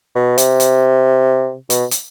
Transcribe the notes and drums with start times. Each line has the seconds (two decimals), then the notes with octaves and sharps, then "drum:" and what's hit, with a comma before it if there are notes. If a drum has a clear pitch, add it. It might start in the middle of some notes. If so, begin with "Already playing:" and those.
0.15 B2
0.38 C3, drum: hi-hat
0.60 drum: hi-hat
1.70 B2, drum: hi-hat
1.91 drum: hi-hat